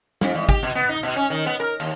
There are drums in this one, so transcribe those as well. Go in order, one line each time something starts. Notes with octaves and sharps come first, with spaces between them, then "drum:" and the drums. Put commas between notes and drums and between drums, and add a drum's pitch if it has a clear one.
F2, drum: snare
E2
G4, drum: kick
B2
B3
D#4
B2
C#4
D#3
B3
A#4
D#2, drum: cymbal